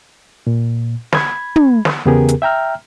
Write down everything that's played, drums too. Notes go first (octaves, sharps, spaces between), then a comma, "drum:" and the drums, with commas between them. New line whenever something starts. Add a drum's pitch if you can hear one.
A#2
B5 G#6, drum: snare
drum: tom
drum: snare
E2 C#3 B3 G4 G#4 A#4
drum: hi-hat
E5 G5 A#5 F6